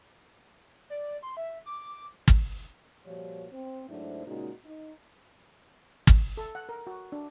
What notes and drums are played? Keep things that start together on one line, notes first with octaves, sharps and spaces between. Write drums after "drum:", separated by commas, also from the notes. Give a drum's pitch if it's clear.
D5
C6
E5
D6
drum: kick
A#2 F3 G3 F#4 C#5
C4
G#2 F#3 A3 D4 E4 C5
A#2 C#3 G#3 C#4 D#4 F#4
D#4
drum: kick
A4
F#5
A#4
F#4
D4